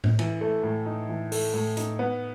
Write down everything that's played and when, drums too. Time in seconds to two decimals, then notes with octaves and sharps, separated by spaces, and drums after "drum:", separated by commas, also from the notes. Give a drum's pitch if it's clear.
0.04 drum: tom A2
0.19 E3, drum: cymbal
0.41 A3
0.63 A2
0.86 D#4
1.09 E3
1.32 A3, drum: open hi-hat
1.54 A2
1.77 D#4, drum: hi-hat
1.99 B3